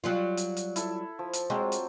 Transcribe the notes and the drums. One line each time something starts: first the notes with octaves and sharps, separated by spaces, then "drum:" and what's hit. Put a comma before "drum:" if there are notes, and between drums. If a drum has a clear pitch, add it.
F#3 G3 F4
drum: hi-hat
drum: hi-hat
E4 A4, drum: hi-hat
F3
drum: hi-hat
F#3 G#3 C4 F4
drum: hi-hat